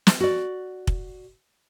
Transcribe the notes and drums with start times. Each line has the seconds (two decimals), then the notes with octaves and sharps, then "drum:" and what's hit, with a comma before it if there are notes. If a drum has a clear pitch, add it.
0.07 drum: snare
0.20 F#4 D5
0.87 drum: kick